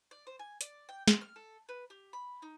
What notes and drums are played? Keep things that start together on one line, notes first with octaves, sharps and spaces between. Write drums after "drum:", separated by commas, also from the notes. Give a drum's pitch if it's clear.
D5
C5
G#5
D5, drum: hi-hat
G5
C6, drum: snare
F6
A4
B4
G4
B5
D#4